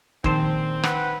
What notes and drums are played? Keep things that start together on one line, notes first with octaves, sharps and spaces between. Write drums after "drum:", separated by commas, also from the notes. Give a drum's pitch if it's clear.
A#1 D#3 C4 C5 A5, drum: kick
B4 F#5, drum: rim click